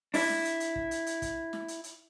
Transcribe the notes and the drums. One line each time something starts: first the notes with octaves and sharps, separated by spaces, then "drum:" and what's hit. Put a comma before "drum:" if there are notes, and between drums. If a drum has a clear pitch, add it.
D4 E4, drum: open hi-hat
drum: snare
drum: hi-hat
drum: hi-hat
drum: kick
drum: hi-hat
drum: hi-hat
drum: kick, hi-hat
drum: snare
drum: hi-hat
drum: hi-hat